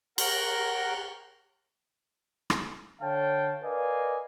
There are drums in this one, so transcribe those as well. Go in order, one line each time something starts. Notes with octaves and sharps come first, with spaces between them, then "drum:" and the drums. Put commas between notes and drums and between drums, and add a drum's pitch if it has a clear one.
A#4 F#5, drum: cymbal
drum: rim click
D3 C#5 F5 G5 A5
A#4 B4 D5 D#5 F5 G#5